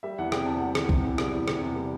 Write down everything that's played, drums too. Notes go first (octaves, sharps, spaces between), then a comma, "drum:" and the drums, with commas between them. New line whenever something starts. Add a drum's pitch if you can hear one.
G3 E5
E2 F#5
C3 G5, drum: rim click
E2 A5
G3 F#5
E2, drum: rim click
C3, drum: kick
E2
G3, drum: rim click
E2
C3, drum: rim click
E2
G3